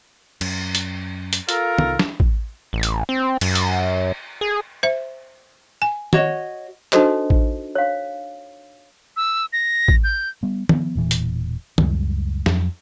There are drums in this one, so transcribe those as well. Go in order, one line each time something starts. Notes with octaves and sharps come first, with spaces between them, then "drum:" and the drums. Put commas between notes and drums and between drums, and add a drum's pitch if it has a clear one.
F#2, drum: cymbal
drum: hi-hat
drum: hi-hat
F4 A4 A#4, drum: hi-hat
C2 D#3, drum: tom
drum: snare
drum: kick A1
A1
drum: hi-hat
C4
F#2, drum: cymbal
drum: hi-hat
G#4
C5 E5
G#5
F#4 C#5 D#5, drum: tom
D4 D#4 F#4 A4 C5 D#5, drum: clap
drum: kick A1
C#5 F5
E6
A#6
drum: kick A1
G6
G3 B3
F3 B3, drum: tom
E1 A#2 E3
drum: hi-hat
C#2 F#2 G3 G#3, drum: tom
F2 F3 F#3, drum: snare